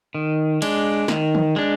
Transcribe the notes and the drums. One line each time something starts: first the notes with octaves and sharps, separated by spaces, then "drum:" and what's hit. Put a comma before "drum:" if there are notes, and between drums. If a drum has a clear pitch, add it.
D#3
G#3 D4, drum: cymbal
D#3, drum: snare
drum: tom
G#3 D4